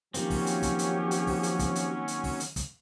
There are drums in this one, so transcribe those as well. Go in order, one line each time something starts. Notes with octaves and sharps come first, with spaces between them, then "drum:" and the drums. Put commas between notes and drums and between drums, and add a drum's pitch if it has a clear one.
D#3 F3 F#3 A#3 C4 C#4 G4, drum: hi-hat
drum: kick, open hi-hat
drum: hi-hat
drum: kick, hi-hat
drum: hi-hat
drum: hi-hat
drum: kick, open hi-hat
drum: hi-hat
drum: kick, hi-hat
drum: hi-hat
drum: hi-hat
drum: kick, open hi-hat
drum: hi-hat
drum: kick, hi-hat